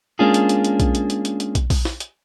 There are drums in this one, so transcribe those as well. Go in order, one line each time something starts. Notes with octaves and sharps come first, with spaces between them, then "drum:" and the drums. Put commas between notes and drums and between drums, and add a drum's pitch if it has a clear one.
G#3 A#3 C#4 D4 F4 G#4
drum: hi-hat
drum: hi-hat
drum: hi-hat
drum: kick, hi-hat
drum: hi-hat
drum: hi-hat
drum: hi-hat
drum: hi-hat
drum: kick, hi-hat
drum: kick, open hi-hat
drum: snare
drum: hi-hat